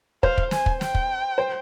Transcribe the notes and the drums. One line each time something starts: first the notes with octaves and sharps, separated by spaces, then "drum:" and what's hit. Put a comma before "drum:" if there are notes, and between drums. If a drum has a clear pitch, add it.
C5 F5, drum: kick
drum: kick
G#5, drum: snare
drum: kick
G5, drum: snare
drum: kick
C5